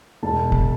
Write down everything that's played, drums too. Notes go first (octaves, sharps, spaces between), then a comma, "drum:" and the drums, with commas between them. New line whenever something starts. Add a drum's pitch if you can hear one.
E1 A5
drum: kick